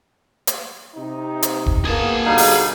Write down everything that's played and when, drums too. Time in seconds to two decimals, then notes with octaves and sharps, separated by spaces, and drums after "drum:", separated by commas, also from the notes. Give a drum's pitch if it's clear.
0.47 drum: hi-hat
0.95 C3 D#4
1.43 drum: hi-hat
1.66 drum: kick
1.85 A#3 B3 G#4 A5
2.26 B2 D3 G3 D#4 F5
2.38 drum: open hi-hat